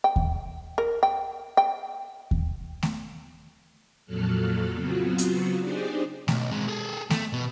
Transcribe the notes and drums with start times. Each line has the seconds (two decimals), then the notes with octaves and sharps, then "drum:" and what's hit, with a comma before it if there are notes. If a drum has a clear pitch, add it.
0.04 G5
0.16 drum: kick D#2
0.78 A#4
1.03 G5
1.57 G5
2.31 drum: kick D#2
2.83 drum: snare A3
4.05 F2 A#2 F#3 A4 F6 F#6
4.73 C#3 F#3 B3 C4 F4 F#4
5.18 drum: hi-hat
5.59 D4 D#4 G4 G#4 C5 D5
6.28 B1, drum: snare A3
6.51 G#3 C4
6.68 G#4 A4
7.10 A3, drum: snare A3
7.33 B2